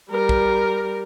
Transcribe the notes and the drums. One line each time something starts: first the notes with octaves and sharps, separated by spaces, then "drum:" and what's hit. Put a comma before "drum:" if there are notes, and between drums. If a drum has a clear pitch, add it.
G3 A#4
drum: kick